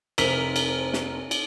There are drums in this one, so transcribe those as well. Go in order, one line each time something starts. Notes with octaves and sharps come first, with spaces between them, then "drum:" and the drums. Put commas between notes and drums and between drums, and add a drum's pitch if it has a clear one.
F1 A#4 C5 B6 D#7 F7, drum: cymbal
drum: cymbal
drum: snare
drum: cymbal